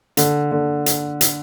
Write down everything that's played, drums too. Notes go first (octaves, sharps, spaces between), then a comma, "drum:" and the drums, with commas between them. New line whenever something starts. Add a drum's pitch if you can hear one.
D3, drum: hi-hat
D3
drum: hi-hat
drum: hi-hat